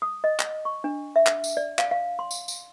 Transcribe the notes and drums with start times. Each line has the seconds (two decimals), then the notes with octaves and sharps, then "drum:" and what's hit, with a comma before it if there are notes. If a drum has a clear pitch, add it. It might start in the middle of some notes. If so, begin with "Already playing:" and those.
0.02 D#6
0.24 D#5
0.39 drum: clap
0.65 C#6
0.84 D4
1.16 E5
1.26 drum: clap
1.44 drum: tambourine
1.57 D5
1.79 F5, drum: clap
1.91 F5
2.19 C6
2.31 drum: tambourine
2.48 drum: tambourine